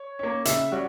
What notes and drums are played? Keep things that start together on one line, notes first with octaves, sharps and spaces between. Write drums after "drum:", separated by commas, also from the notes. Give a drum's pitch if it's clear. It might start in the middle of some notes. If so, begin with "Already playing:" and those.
Already playing: C#5
A#3 C#4
C#3 E5, drum: hi-hat
G3 C#4 F#4